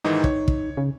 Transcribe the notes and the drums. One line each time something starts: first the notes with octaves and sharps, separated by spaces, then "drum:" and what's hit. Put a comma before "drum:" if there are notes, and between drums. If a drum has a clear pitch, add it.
G#2 D#3 E3 D#4
C#5, drum: kick
drum: kick
C#3